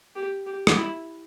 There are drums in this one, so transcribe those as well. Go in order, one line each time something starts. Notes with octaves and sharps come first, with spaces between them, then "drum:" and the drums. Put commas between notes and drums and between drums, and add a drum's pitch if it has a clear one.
G4
G4
drum: rim click
E4